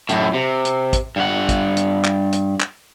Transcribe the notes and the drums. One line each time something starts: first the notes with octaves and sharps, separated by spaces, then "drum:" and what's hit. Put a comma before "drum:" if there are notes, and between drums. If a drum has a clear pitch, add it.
F#2 A2, drum: hi-hat
C3
drum: hi-hat
drum: kick, hi-hat
G2 F#5
drum: kick, hi-hat
drum: hi-hat
drum: clap
drum: hi-hat
drum: clap